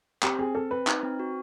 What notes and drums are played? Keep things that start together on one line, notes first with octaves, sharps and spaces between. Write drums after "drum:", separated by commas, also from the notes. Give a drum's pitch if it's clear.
C4 G4, drum: clap
C4 G#4
C4 A4
C4 B4
D#4, drum: clap
C4
F#4